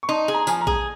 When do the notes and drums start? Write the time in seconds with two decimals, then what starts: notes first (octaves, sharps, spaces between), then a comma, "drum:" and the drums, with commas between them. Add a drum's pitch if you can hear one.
0.03 C#6
0.08 D#4 C6
0.28 G#4
0.34 A#5
0.47 F3 G#5, drum: tambourine
0.61 A#5
0.67 G#4, drum: kick A#1